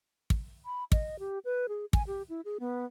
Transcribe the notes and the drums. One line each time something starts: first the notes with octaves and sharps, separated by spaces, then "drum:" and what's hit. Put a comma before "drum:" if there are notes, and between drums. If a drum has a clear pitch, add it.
drum: kick
B5
D#5, drum: kick
G4
B4
G#4
G#5, drum: kick
G4
E4
G#4
B3